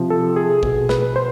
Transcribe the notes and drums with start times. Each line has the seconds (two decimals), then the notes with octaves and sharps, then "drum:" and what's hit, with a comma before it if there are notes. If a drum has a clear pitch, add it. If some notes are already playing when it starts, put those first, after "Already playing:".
Already playing: C3 F3
0.10 A4
0.36 G#4
0.63 B2 G#4, drum: kick A1
0.89 B4, drum: snare
1.16 C5